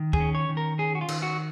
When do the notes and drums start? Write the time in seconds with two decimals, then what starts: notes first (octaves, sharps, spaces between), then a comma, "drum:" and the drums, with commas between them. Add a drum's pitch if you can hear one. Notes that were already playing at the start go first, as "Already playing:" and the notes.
Already playing: D#3
0.13 G#4, drum: kick
0.20 C#4
0.35 C#5
0.49 D#3
0.57 A#4
0.79 C#4 G#4
0.95 F#4
1.01 F4
1.09 D#3, drum: cymbal
1.23 F#4